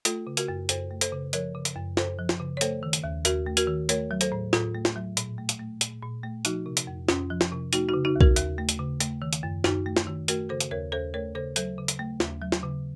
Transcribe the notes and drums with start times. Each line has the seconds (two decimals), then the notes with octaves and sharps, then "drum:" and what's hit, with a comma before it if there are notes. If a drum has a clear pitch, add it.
0.05 A3 F4 A4, drum: hi-hat
0.27 C#3
0.37 F#4 A#4, drum: hi-hat
0.48 F#2
0.69 F#2 A4 C5, drum: hi-hat
0.91 A3
1.01 A4 C5, drum: hi-hat
1.12 C#3
1.33 F3 A#4 C#5, drum: hi-hat
1.55 C#3
1.65 drum: hi-hat
1.76 F#2
1.97 F#2 A4 C5, drum: snare
2.18 F3
2.29 drum: snare
2.40 C#3
2.57 C#5
2.61 A3 A4 C5, drum: hi-hat
2.83 D#3
2.93 drum: hi-hat
3.04 D#2
3.25 D#2 F#4 A#4, drum: hi-hat
3.46 A3
3.57 F#4 A#4, drum: hi-hat
3.67 D#3
3.89 A3 A#4 C#5, drum: hi-hat
4.11 F#3
4.21 A4 C5, drum: hi-hat
4.32 A2
4.53 A2 F4 A4, drum: snare
4.75 A3
4.85 drum: snare
4.96 F#3
5.17 A#2, drum: hi-hat
5.38 A3
5.49 drum: hi-hat
5.60 A3
5.81 A#2, drum: hi-hat
6.03 A#2
6.24 A3
6.45 F3 D#4 F#4, drum: hi-hat
6.66 C3
6.77 drum: hi-hat
6.87 F2
7.08 F2 C#4 F4, drum: snare
7.30 F3
7.41 drum: snare
7.52 C3
7.73 A3 D#4 F#4, drum: hi-hat
7.89 D#4 F#4
7.94 C#3
8.05 D#4 F#4
8.16 D#2
8.21 F#4 A#4, drum: kick B1
8.36 D#2, drum: hi-hat
8.58 A3
8.69 drum: hi-hat
8.79 C#3
9.00 A3, drum: hi-hat
9.22 D#3
9.33 drum: hi-hat
9.43 F#2
9.64 F#2 D#4 F#4, drum: snare
9.86 A3
9.97 drum: snare
10.07 D#3
10.28 A3 F#4 A#4, drum: hi-hat
10.49 C#3 A4 C5
10.60 drum: hi-hat
10.71 D#2 A#4 C#5
10.92 D#2 A4 C5
11.14 A3 A#4 C#5
11.35 C#3 A4 C5
11.56 F#3 A4 C5, drum: hi-hat
11.78 C#3
11.88 drum: hi-hat
11.99 A3
12.20 D#2, drum: snare
12.42 F#3
12.52 drum: snare
12.63 C#3